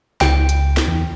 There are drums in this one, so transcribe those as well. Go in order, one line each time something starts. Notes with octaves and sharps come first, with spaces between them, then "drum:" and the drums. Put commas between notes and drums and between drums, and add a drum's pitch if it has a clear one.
C#2 G5, drum: snare
drum: hi-hat
drum: snare
E2